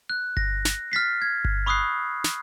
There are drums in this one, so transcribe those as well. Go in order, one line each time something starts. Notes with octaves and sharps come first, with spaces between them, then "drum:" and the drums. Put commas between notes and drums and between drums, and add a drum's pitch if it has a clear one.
F#6
A#6, drum: kick G1
drum: snare
F6 A6 B6 C7
G#6
drum: kick G1
B5 C#6 D#6 E6 F#6 C7
drum: snare